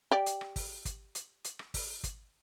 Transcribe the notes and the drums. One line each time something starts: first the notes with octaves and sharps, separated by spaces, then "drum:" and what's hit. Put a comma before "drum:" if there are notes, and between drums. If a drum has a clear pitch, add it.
G4 D5
drum: hi-hat
drum: rim click
drum: kick, open hi-hat
drum: kick, hi-hat
drum: hi-hat
drum: hi-hat
drum: rim click
drum: kick, open hi-hat
drum: kick, hi-hat